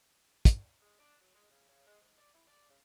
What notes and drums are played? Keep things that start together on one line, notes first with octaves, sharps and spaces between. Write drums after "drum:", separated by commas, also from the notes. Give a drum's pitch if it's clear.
drum: kick, hi-hat
G#3
D4
F#3
G#3
C#3
C#3
G#3
G#2
D5
E4
D5
C#3